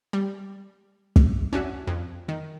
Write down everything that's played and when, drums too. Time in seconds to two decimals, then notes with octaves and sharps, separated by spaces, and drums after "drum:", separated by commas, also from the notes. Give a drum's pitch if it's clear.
0.13 G3
1.16 drum: kick
1.53 C#4 D4 F#4 E5
1.87 F2
2.28 D#3